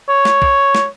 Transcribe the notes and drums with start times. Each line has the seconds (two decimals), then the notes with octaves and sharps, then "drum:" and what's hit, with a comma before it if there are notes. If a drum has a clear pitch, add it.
0.09 C#5
0.25 drum: snare
0.42 drum: kick B1
0.75 drum: snare